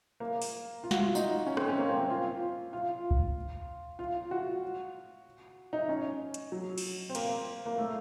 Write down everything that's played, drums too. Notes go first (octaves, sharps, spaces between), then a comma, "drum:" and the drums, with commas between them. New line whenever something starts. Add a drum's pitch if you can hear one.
A#3
drum: open hi-hat
F4
F#4, drum: snare
F4
D#4, drum: tambourine
C#4
C4, drum: rim click
C#4
A#3
C4
C4
F4
F4
drum: kick
F4
F#4
D#4
C#4
drum: hi-hat
F#3
drum: cymbal
C4
A#3, drum: cymbal
A#3
A3